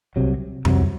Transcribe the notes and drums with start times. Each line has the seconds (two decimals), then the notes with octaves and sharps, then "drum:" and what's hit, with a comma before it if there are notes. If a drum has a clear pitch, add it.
0.16 C2 C3 F#3
0.65 C2 C3 F#3, drum: tom F2